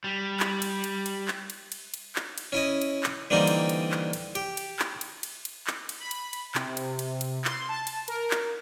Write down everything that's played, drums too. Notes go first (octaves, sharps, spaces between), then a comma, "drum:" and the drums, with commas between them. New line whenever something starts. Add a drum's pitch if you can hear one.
G3
drum: clap
drum: cymbal
drum: cymbal
drum: cymbal
drum: clap
drum: cymbal
drum: cymbal
drum: cymbal
drum: clap
drum: cymbal
C#4 E4 D#5
drum: cymbal
drum: clap
D3 E3 G3 A#3 C4 D#4
drum: cymbal
drum: cymbal
drum: clap
drum: cymbal
G4, drum: cymbal
drum: cymbal
drum: clap
drum: cymbal
drum: cymbal
drum: cymbal
drum: clap
drum: cymbal
B5
drum: cymbal
drum: cymbal
C3, drum: clap
drum: cymbal
drum: cymbal
drum: cymbal
C6, drum: clap
A5
drum: cymbal
A#4, drum: cymbal
drum: clap